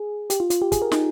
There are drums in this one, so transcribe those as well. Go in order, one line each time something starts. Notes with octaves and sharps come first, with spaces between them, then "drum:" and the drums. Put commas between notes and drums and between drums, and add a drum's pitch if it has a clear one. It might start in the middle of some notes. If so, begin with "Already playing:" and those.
Already playing: G#4
G4, drum: hi-hat
F4
F4, drum: hi-hat
G4
G#4, drum: kick, hi-hat
A#4
D#4, drum: snare